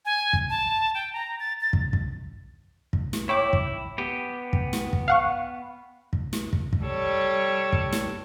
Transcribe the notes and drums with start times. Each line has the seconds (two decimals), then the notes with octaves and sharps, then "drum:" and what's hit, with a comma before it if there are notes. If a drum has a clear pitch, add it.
0.05 G#5
0.33 drum: kick
0.50 A5
0.94 G5
1.13 A#5
1.40 A6
1.61 A6
1.73 drum: kick
1.93 drum: kick
2.93 drum: kick
3.13 drum: snare
3.29 E4 C#5 G5 D6
3.53 drum: kick
3.98 B3 G4
4.53 drum: kick
4.73 drum: snare
4.93 drum: kick
5.08 F5 F#5 C#6
6.13 drum: kick
6.33 drum: snare
6.53 drum: kick
6.73 drum: kick
6.84 G3 A4 C#5
7.73 drum: kick
7.93 drum: snare